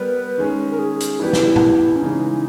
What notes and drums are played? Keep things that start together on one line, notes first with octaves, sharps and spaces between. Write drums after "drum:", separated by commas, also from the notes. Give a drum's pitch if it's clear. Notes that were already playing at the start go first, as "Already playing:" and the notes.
Already playing: G3 B3 G4 A#4 B4
D#3 G#3 C#4
A#4
G#4
drum: hi-hat
E3 G3 B3 E4 G4 B4
drum: snare
drum: tom A2
C#4
C#3 E3 G#3 D#4